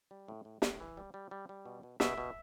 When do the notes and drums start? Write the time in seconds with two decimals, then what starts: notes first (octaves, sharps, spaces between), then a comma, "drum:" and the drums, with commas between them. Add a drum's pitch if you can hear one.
0.11 G3
0.28 A2
0.45 A2
0.62 A2, drum: snare
0.80 E3
0.97 G3
1.14 G3
1.31 G3
1.49 G3
1.65 B2
1.83 B2
2.00 B2 E5, drum: snare
2.18 B2